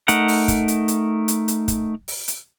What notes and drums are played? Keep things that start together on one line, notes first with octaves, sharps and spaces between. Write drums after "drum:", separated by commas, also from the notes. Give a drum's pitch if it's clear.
A3 D#4 A#4 F#5, drum: hi-hat
drum: open hi-hat
drum: kick, hi-hat
drum: hi-hat
drum: hi-hat
drum: hi-hat
drum: hi-hat
drum: kick, hi-hat
drum: open hi-hat
drum: hi-hat